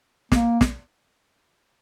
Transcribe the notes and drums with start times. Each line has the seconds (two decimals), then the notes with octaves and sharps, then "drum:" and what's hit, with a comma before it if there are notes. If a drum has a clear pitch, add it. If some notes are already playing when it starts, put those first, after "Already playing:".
0.32 A#3, drum: snare
0.61 drum: snare